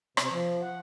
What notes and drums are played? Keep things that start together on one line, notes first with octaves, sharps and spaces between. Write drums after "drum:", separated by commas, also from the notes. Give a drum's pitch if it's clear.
C3, drum: rim click
F3
F#5